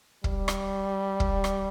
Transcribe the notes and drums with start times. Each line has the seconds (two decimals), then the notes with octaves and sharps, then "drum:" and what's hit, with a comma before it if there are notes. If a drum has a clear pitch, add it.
0.24 G3, drum: kick
0.48 drum: rim click
1.20 drum: kick
1.44 drum: rim click